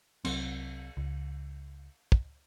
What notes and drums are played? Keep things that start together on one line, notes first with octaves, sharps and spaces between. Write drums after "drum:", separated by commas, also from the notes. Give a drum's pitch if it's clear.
C2 F#3 C4, drum: cymbal
C#2
drum: kick